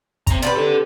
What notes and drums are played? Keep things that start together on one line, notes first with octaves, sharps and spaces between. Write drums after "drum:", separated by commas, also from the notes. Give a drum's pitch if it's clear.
C4 A#5, drum: kick, hi-hat
C3 G4 B4 D5, drum: hi-hat
A4 D5